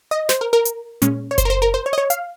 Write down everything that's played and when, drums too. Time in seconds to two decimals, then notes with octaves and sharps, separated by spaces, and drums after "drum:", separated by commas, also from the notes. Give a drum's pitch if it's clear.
0.11 D#5
0.29 C5, drum: snare
0.41 A#4
0.53 A#4
0.65 drum: hi-hat
1.02 A#2 G#3 C#4, drum: hi-hat
1.31 C#5
1.38 C5, drum: kick F#1, hi-hat
1.45 A#4
1.50 C5
1.62 A#4
1.74 C5
1.86 C#5
1.93 D#5
1.98 C#5
2.10 F5, drum: hi-hat